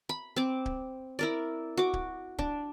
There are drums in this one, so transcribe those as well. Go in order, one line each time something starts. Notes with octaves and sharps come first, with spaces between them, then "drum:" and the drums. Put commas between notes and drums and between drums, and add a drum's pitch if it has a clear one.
B5
C4 D6
drum: kick D1
E4 A#4 D5
F#4 D6
drum: kick D1
D4, drum: kick D1